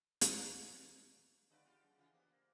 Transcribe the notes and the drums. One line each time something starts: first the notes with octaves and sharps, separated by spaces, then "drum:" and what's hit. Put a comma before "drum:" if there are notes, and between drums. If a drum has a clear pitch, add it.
drum: hi-hat
D3 D#4 B4 D5 F5 F#5
B3 F4 G4 G#4 G#5
F#2 G#4
C#3 E3 F4
A#3 B3 G4 C5 D5
A#3